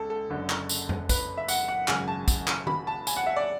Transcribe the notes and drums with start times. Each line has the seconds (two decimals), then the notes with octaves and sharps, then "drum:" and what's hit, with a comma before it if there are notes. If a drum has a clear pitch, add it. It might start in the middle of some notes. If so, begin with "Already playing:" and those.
Already playing: C#2 A4
0.10 A4
0.30 F#1 F#2 D3
0.50 drum: clap
0.69 drum: tambourine
0.89 drum: tom F2
1.09 B4, drum: kick, tambourine
1.37 E5
1.48 F#5, drum: tambourine
1.68 F#5
1.88 G#1 F#2 C#3 G#5, drum: clap
2.08 A5
2.28 drum: kick, tambourine
2.47 drum: clap
2.67 B5, drum: tom
2.87 A5
3.07 G#5, drum: tambourine
3.17 F#5
3.27 E5
3.36 D5